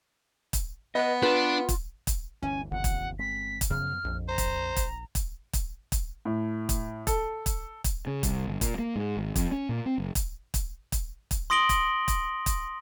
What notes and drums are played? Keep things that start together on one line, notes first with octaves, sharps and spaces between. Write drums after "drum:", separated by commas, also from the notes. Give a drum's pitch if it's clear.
drum: kick, hi-hat
B3 B4 D#5
D4 F4 B4
drum: kick, hi-hat
drum: kick, hi-hat
G1 D2 E3 C#4 G#5
G1 D#2 C3 F3 F#5
drum: kick, hi-hat
G#3 C4 B6
drum: kick, hi-hat
F#2 C#3 F3 B3 F6
A#1 F2
C5 A#5
drum: kick, hi-hat
drum: kick, hi-hat
drum: kick, hi-hat
drum: kick, hi-hat
drum: kick, hi-hat
A2
drum: kick, hi-hat
A4, drum: kick, hi-hat
drum: kick, hi-hat
drum: kick, hi-hat
C#3
C2, drum: kick, hi-hat
G1
A#2, drum: kick, hi-hat
A#3
G#2
G#1
F2, drum: kick, hi-hat
C#4
A#2
C4
F#1
drum: kick, hi-hat
drum: kick, hi-hat
drum: kick, hi-hat
drum: kick, hi-hat
C6 D#6 A#6 D7 F#7 G7
drum: kick, hi-hat
drum: kick, hi-hat
drum: kick, hi-hat